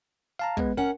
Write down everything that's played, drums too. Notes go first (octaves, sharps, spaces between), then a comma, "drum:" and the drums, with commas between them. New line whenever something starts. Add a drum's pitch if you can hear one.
F5 A5 A#5
G#3 B3 B4, drum: kick
C#4 A#4 F#5